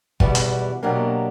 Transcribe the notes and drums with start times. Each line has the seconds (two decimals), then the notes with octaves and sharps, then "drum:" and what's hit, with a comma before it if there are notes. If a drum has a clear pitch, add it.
0.20 E2 B2 G3 B3 E4, drum: kick
0.35 drum: hi-hat
0.83 B2 F#3 A#3 D4 G4